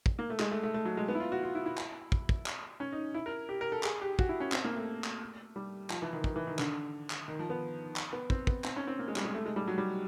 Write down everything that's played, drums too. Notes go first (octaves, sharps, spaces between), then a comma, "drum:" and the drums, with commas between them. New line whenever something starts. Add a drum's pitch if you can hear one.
drum: kick
A#3
A3
G#3, drum: clap
A3
A3
A3
F#3
G#3
B3
E4
F4
F#4
F4
E4
E4
drum: clap
drum: kick
drum: kick
drum: clap
C#4
D#4
E4
A#4
G4
A#4
A4
G#4, drum: clap
G4
F#4, drum: kick
E4
C#4
C4, drum: clap
A#3
A3
drum: clap
G3
F3, drum: clap
E3
D#3
D#3, drum: kick
E3
D#3
D3, drum: clap
drum: clap
D#3
F3
B3
drum: clap
B3
C4, drum: kick
B3, drum: kick
C4, drum: clap
C#4
C4
A#3
G#3
G3, drum: clap
G#3
A3
G#3
G3
F#3
G3